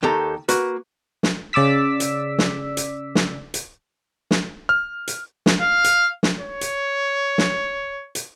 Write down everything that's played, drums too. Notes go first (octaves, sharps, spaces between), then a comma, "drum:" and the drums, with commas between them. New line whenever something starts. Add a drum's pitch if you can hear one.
D#2 D#3 G4 A4 A#5
A#3 F#4 B4, drum: hi-hat
drum: snare
C#3 D5 D6 E6 B6
drum: hi-hat
drum: snare
drum: hi-hat
drum: snare
drum: hi-hat
drum: snare
F6
drum: hi-hat
drum: snare
F5
drum: hi-hat
drum: snare
C#5
drum: hi-hat
drum: snare
drum: hi-hat